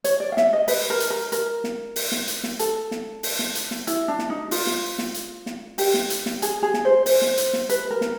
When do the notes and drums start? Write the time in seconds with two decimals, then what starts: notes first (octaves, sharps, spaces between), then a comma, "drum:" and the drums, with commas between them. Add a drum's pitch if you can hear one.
0.04 C#5, drum: hi-hat
0.20 D5
0.32 F5
0.37 E5, drum: snare
0.53 D#5
0.68 B4, drum: open hi-hat
0.90 A#4
1.00 drum: hi-hat
1.10 A#4
1.32 A#4, drum: hi-hat
1.64 drum: snare
1.96 drum: open hi-hat
2.12 drum: snare
2.28 drum: hi-hat
2.44 drum: snare
2.59 A4, drum: hi-hat
2.91 drum: snare
3.23 drum: open hi-hat
3.39 drum: snare
3.55 drum: hi-hat
3.71 drum: snare
3.87 E4, drum: hi-hat
4.08 D4
4.19 drum: snare
4.30 D#4
4.51 F4, drum: open hi-hat
4.67 drum: snare
4.98 drum: snare
5.14 drum: hi-hat
5.46 drum: snare
5.78 G4, drum: open hi-hat
5.94 drum: snare
6.10 drum: hi-hat
6.26 drum: snare
6.42 G#4, drum: hi-hat
6.63 G#4
6.74 drum: snare
6.85 C5
7.06 C5, drum: open hi-hat
7.22 drum: snare
7.37 drum: hi-hat
7.53 drum: snare
7.69 B4, drum: hi-hat
7.91 A#4
8.01 drum: snare